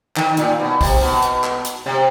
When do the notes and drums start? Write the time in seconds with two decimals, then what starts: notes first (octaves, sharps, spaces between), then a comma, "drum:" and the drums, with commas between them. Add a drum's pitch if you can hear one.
0.16 D#3, drum: clap
0.37 A#2, drum: hi-hat
0.60 B2
0.81 C3, drum: kick, open hi-hat
1.01 B2
1.22 drum: hi-hat
1.44 drum: clap
1.65 drum: hi-hat
1.86 C3